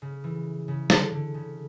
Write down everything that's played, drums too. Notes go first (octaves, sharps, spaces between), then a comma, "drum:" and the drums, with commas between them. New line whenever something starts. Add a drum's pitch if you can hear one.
C#3
E3
C#3
D3, drum: snare
D3
C#3